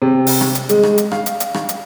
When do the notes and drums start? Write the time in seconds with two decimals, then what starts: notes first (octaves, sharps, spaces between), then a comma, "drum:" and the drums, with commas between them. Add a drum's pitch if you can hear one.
0.02 C3
0.27 drum: open hi-hat
0.41 drum: rim click
0.55 drum: hi-hat
0.69 G#3, drum: hi-hat
0.83 drum: rim click
0.98 drum: hi-hat
1.11 F5, drum: rim click
1.26 drum: hi-hat
1.40 drum: hi-hat
1.54 drum: rim click
1.69 drum: hi-hat